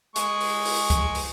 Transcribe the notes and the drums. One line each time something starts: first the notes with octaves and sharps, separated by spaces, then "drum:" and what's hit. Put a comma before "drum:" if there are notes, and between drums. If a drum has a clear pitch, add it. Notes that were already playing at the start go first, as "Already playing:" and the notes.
G#3 C#6, drum: hi-hat
drum: open hi-hat
drum: open hi-hat
drum: kick C#2, hi-hat
drum: open hi-hat